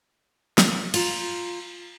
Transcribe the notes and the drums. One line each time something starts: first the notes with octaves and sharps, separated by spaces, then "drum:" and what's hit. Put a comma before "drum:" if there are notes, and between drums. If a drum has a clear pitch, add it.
drum: snare
F4 A#5, drum: cymbal